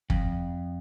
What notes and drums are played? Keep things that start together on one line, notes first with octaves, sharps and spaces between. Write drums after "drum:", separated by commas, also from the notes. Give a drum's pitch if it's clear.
F2, drum: kick